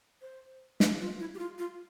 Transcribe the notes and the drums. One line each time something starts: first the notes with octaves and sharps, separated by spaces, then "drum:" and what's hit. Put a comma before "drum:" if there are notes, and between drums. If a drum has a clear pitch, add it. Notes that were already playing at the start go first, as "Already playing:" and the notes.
C5
B4, drum: snare
F4
E4
G4
F4
F4